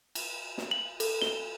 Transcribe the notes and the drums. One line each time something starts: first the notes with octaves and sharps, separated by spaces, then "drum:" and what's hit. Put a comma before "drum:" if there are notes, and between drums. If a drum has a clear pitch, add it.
drum: cymbal
drum: snare
F#7
A4, drum: cymbal
G7, drum: snare